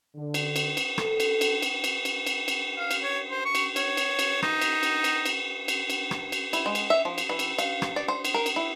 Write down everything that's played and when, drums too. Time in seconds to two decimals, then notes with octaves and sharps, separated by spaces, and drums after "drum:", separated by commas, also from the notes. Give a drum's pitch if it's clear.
0.16 D3
0.34 drum: cymbal
0.56 drum: cymbal
0.77 drum: cymbal
0.98 A4, drum: rim click
1.20 drum: cymbal
1.41 drum: cymbal
1.62 drum: cymbal
1.84 drum: cymbal
2.05 drum: cymbal
2.27 drum: cymbal
2.48 drum: cymbal
2.78 F5
2.91 drum: cymbal
3.03 C#5
3.30 C5
3.45 C#6
3.55 drum: cymbal
3.76 C#5, drum: cymbal
3.97 drum: cymbal
4.19 drum: cymbal
4.42 D#4, drum: rim click
4.61 drum: cymbal
4.83 drum: cymbal
5.04 drum: cymbal
5.26 drum: cymbal
5.68 drum: cymbal
5.90 drum: cymbal
6.11 drum: rim click
6.32 drum: cymbal
6.53 E4, drum: cymbal
6.66 G#3
6.75 drum: cymbal
6.90 E5
7.05 F3
7.18 drum: cymbal
7.29 E3
7.39 drum: cymbal
7.58 F5, drum: cymbal
7.82 drum: rim click
7.96 D5
8.08 C5
8.25 drum: cymbal
8.34 A#4
8.46 drum: cymbal
8.56 E4